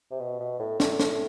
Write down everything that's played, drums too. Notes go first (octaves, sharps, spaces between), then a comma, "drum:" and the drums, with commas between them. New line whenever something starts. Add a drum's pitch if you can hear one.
C3
B2
B2
A2
A2, drum: snare
A2, drum: snare